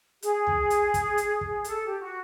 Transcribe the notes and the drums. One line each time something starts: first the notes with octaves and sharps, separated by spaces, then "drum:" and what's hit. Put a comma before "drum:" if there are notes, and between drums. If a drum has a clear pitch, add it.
G#4, drum: hi-hat
drum: tom
drum: hi-hat
drum: kick, hi-hat
drum: hi-hat
drum: kick
A4, drum: hi-hat
G4
F#4